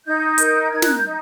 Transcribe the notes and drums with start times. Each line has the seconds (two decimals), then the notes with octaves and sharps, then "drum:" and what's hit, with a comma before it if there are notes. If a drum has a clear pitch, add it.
0.05 D#4 G6
0.38 A#4, drum: hi-hat
0.70 D#4 G#6
0.82 F#6, drum: snare
0.93 G6
1.04 D#4